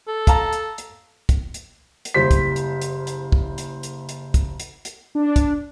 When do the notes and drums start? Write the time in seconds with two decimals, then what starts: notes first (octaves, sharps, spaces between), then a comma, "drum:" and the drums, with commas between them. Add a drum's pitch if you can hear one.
0.08 A4
0.27 F5 A5 A#5, drum: kick, hi-hat
0.53 drum: hi-hat
0.78 drum: hi-hat
1.29 drum: kick, hi-hat
1.54 drum: hi-hat
2.05 drum: hi-hat
2.14 F#1 G3 C5 B6
2.31 drum: kick, hi-hat
2.56 drum: hi-hat
2.82 drum: hi-hat
3.07 drum: hi-hat
3.32 drum: kick
3.58 drum: hi-hat
3.83 drum: hi-hat
4.09 drum: hi-hat
4.34 drum: kick, hi-hat
4.60 drum: hi-hat
4.85 drum: hi-hat
5.15 D4
5.36 drum: kick, hi-hat